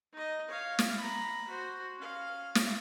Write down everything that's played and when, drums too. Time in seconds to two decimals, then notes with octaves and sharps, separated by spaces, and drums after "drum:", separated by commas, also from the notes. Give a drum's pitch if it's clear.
0.12 D#4 D#5
0.48 C#5 F5
0.79 drum: snare
0.97 A#5 B5
1.48 F#4 C5
1.98 C#4 F5
2.55 drum: snare